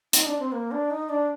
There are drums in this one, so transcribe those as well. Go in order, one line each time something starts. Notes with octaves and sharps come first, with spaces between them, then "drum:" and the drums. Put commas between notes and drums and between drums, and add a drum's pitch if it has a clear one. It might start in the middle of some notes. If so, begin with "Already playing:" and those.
D#4, drum: hi-hat
D4
C4
A#3
D4
D#4
D4